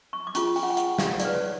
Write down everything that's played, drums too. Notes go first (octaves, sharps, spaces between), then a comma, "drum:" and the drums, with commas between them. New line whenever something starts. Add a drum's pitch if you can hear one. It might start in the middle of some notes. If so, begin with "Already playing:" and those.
C#6
D6
C#4 F4 G#4 C#6, drum: hi-hat
G5, drum: open hi-hat
F#5
G5
F#5, drum: hi-hat
F5, drum: snare
D#4 G#4 B4 D5, drum: hi-hat
C#5